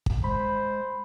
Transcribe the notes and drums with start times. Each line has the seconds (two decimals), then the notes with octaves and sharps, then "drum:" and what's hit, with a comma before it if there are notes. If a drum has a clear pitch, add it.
0.06 drum: kick
0.24 G#3 C5 B5